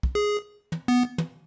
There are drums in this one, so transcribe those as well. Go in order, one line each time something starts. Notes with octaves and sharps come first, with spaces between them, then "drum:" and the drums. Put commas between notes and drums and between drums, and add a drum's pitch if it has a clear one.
drum: kick
G#4
drum: tom
B3
drum: tom